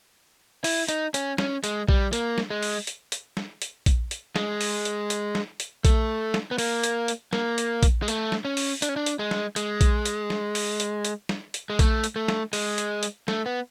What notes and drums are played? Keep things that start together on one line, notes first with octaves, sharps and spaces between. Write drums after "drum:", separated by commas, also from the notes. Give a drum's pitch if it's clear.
E4, drum: open hi-hat
D#4, drum: hi-hat
C#4, drum: hi-hat
C#4, drum: snare
G#3, drum: hi-hat
G3, drum: kick A#1
A#3, drum: hi-hat
drum: snare
G#3
drum: open hi-hat
drum: hi-hat
drum: hi-hat
drum: snare
drum: hi-hat
drum: kick A#1, hi-hat
drum: hi-hat
G#3, drum: snare
drum: open hi-hat
drum: hi-hat
drum: hi-hat
drum: snare
drum: hi-hat
A3, drum: kick A#1, hi-hat
drum: snare
B3
A#3, drum: open hi-hat
drum: hi-hat
drum: hi-hat
A#3, drum: snare
drum: hi-hat
drum: kick A#1, hi-hat
G#3
A3, drum: hi-hat
drum: snare
C#4
drum: open hi-hat
D4, drum: hi-hat
C#4
D4
drum: hi-hat
G#3
drum: snare
G#3, drum: hi-hat
drum: kick A#1, hi-hat
drum: hi-hat
drum: snare
drum: open hi-hat
drum: hi-hat
drum: hi-hat
drum: snare
drum: hi-hat
G#3
A3, drum: kick A#1, hi-hat
drum: hi-hat
A3
drum: snare
G#3, drum: open hi-hat
drum: hi-hat
drum: hi-hat
A3, drum: snare
B3